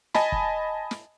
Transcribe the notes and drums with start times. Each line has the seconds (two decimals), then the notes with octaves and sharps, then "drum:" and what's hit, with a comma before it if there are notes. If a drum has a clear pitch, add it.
0.15 D#5 G#5 A5 B5, drum: snare
0.32 drum: kick
0.91 drum: snare